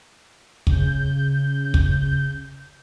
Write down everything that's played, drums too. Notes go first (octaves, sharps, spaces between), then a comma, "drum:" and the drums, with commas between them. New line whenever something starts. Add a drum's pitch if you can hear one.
C#3 G6, drum: kick
drum: kick